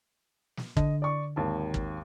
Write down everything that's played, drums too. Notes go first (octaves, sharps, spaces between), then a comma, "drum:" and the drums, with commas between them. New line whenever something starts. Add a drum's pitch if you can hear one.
drum: snare
D3 D#5, drum: kick
D5 C#6
G#1 D#2 A5
drum: kick